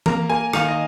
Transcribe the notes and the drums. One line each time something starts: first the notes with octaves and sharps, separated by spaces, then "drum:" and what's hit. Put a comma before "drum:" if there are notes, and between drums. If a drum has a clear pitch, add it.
A#3 A#5, drum: tom E3
A#3 G#5
D#3 F5, drum: rim click
D#5